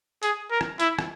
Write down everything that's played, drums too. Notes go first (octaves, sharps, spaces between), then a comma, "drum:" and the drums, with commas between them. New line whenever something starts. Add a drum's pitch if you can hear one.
G#4, drum: hi-hat
A#4
drum: rim click
E4, drum: hi-hat
drum: rim click